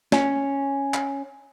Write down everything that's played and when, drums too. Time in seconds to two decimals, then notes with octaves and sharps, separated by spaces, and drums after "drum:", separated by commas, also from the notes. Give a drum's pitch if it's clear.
0.12 C#4, drum: snare
0.94 drum: clap